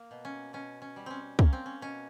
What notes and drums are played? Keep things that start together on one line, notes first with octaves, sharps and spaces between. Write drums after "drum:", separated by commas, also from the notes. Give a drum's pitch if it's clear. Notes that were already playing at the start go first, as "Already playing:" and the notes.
Already playing: A#3
B2
C#4
B2 C#4
C#4
G3
C4 C#4
A#3 C#4, drum: kick
C4
C#4
B2 C#4